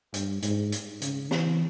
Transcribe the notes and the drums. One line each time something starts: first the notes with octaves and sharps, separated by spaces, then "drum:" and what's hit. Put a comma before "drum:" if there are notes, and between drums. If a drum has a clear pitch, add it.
G2, drum: hi-hat
G#2, drum: hi-hat
drum: hi-hat
C#3, drum: hi-hat
E3, drum: snare